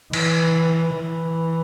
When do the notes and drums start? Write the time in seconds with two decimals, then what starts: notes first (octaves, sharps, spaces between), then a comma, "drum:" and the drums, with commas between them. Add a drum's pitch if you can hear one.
0.13 E3, drum: cymbal
0.96 E3